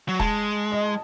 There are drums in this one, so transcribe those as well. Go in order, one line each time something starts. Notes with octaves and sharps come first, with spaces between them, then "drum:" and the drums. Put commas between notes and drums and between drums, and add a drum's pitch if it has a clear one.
F#3
G#3 A5, drum: kick E1
D#5